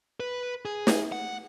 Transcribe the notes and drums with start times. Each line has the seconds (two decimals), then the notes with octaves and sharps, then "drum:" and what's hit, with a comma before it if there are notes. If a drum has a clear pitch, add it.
0.20 B4
0.65 G#4
0.87 drum: snare
1.12 F#5